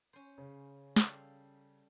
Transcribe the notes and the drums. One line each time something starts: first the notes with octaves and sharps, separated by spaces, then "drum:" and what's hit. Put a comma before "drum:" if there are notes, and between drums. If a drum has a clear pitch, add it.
C#4 C5
C#3
G3 A4 F5, drum: snare